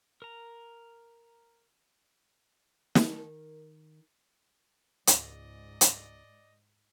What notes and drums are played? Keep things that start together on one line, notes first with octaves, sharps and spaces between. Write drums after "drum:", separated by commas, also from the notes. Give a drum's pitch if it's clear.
A#4 A#5
drum: snare
D#3 A#4
C#2 G#2 D5 D#5, drum: hi-hat
drum: hi-hat